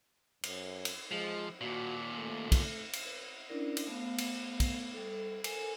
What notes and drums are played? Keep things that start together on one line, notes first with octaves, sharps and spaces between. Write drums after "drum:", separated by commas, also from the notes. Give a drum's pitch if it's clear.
F#2, drum: cymbal
drum: cymbal
F3 G#3
D#2 A#2 F#4
A3
drum: kick, cymbal
drum: cymbal
B4
C#4 D4 E4 A#4 D5
drum: cymbal
A3 B3 F5
drum: cymbal
drum: kick, cymbal
G3 A4
A4 A#4 G#5, drum: cymbal